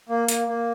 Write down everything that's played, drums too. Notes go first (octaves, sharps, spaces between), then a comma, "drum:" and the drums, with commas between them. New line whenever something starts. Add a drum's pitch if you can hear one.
A#3
A#3, drum: hi-hat
A#3